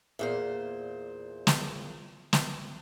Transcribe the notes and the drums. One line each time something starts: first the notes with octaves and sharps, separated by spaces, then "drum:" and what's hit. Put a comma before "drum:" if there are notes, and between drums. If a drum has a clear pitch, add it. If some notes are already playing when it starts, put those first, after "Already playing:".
E2 A#2 C5
drum: snare
drum: snare